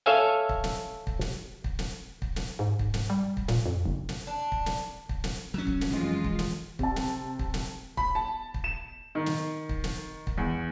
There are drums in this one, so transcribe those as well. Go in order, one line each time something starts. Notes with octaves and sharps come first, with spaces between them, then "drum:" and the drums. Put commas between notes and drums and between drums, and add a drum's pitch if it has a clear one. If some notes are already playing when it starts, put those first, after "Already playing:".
A4 C#5 E5 F5 G#5
drum: kick
drum: snare
drum: kick
drum: snare
drum: kick
drum: snare
drum: kick
drum: snare
G#2
drum: kick
drum: snare
G3
drum: kick
A#2, drum: snare
F2
F#1
drum: snare
D4
drum: kick
drum: snare
drum: kick
drum: snare
F#3 C#4
drum: kick
drum: snare
F2 E3 G#3 C4 F4
drum: kick
drum: snare
C3 A5, drum: kick
drum: snare
drum: kick
drum: snare
B5, drum: kick
A5
drum: kick
E7
D#3
drum: snare
drum: kick
drum: snare
drum: kick
E2